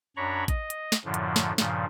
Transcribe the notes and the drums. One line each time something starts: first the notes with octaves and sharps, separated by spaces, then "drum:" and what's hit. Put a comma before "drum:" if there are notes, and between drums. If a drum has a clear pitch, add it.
F#2 D4 C#5 A#5 B5 C#6
D#5, drum: kick A1, hi-hat
drum: hi-hat
drum: snare
F#2 A2 D3 F3
drum: hi-hat
drum: snare
G2 A#2 C#3 F3, drum: snare